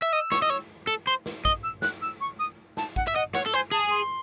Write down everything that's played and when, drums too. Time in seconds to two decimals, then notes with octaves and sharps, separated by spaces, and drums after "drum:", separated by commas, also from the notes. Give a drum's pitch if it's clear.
0.02 E5
0.12 D#5 E6
0.32 C#5, drum: snare
0.42 D#5
0.50 C#5
0.87 A4
1.07 C5
1.26 drum: snare
1.45 D#5, drum: kick
1.63 E6
1.82 F#6, drum: snare
2.02 E6
2.21 C#6
2.39 D#6
2.77 A5, drum: snare
2.96 F#5, drum: kick
3.07 E5
3.15 D#5 F#5
3.34 C#5 F#5, drum: snare
3.46 A4
3.53 C5 G#5
3.71 G#4 A5
3.91 C6